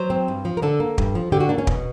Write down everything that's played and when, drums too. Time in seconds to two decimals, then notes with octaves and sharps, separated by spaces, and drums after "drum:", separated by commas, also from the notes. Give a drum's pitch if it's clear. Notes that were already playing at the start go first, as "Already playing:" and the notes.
Already playing: F#3 C5
0.10 C4
0.28 G2
0.45 F3
0.57 A#4
0.62 D3 A4
0.80 A#3
0.98 G2, drum: kick
1.15 F3
1.32 D3 G4
1.40 F#4
1.49 A#3 D4
1.58 C#4
1.67 B2, drum: kick